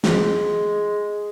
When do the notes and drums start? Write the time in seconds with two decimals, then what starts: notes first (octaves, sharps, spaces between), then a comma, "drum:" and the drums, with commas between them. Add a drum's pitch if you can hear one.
0.04 G#3, drum: snare